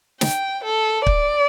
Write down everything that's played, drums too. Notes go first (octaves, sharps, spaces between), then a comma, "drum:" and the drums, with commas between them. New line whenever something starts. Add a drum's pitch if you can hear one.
G5, drum: snare
A4
D5, drum: kick